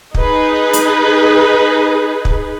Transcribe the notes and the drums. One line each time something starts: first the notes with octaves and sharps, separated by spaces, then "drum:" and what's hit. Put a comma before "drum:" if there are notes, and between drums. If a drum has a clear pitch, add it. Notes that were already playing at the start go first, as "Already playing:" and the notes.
D#4 G#4 B4, drum: kick
drum: hi-hat
drum: kick